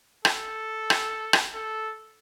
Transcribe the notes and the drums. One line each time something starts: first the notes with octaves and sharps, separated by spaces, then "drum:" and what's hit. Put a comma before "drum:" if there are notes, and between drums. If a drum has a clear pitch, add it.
A4, drum: rim click
drum: rim click
drum: rim click
A4